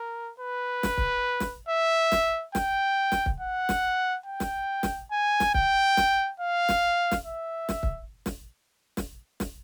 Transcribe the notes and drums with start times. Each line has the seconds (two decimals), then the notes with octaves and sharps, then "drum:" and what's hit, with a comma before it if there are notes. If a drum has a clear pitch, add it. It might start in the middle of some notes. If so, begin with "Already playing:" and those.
Already playing: A#4
0.40 B4
0.83 drum: snare
0.98 drum: kick
1.40 drum: snare
1.69 E5
2.12 drum: snare
2.55 G5, drum: snare
3.12 drum: snare
3.26 drum: kick
3.40 F#5
3.69 drum: snare
4.26 G5
4.40 drum: snare
4.83 drum: snare
5.11 G#5
5.40 drum: snare
5.54 G5, drum: kick
5.97 drum: snare
6.40 F5
6.69 drum: snare
7.12 drum: snare
7.25 E5
7.69 drum: snare
7.83 drum: kick
8.26 drum: snare
8.97 drum: snare
9.40 drum: snare